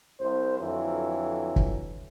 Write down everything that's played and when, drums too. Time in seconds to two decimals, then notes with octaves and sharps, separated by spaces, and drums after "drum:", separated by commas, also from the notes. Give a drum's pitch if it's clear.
0.19 C2 C5
0.58 F2 D3 E3 F#3
1.56 drum: kick